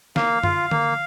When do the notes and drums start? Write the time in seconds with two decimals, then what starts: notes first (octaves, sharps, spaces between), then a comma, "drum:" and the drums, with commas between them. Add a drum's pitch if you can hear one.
0.16 A#3 F5, drum: snare
0.43 F4, drum: tom
0.71 A#3, drum: tom D3